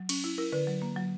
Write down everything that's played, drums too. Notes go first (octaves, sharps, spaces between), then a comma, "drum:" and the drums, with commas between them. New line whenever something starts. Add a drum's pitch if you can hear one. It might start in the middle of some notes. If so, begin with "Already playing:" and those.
Already playing: F#3
C#4, drum: cymbal
E4
E4 A#4
D3 B4
F#3
A#3
F#3